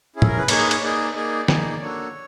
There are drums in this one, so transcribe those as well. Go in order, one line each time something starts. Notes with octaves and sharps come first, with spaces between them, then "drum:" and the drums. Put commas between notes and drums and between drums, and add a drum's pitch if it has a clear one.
C#4 E4 G#4
A4, drum: tom
A#4
B4
A#3 D#4 G#4 C#5, drum: cymbal
C#5, drum: cymbal
A#3 D#4 G#4 D5
A#3 D#4 G#4 D5
A#3 D#4 G#4, drum: snare
A#3 D4 F#4 A4 C#5